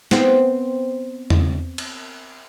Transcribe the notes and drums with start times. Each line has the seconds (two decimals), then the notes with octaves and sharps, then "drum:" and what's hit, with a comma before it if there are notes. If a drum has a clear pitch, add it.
0.11 B3 C4, drum: snare
1.30 drum: tom E2
1.78 drum: cymbal